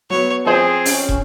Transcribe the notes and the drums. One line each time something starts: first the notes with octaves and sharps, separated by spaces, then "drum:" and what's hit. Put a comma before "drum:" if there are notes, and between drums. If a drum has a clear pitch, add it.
F#3 B3 C#5
F3 C4 G#4 C5
C#4, drum: open hi-hat
drum: kick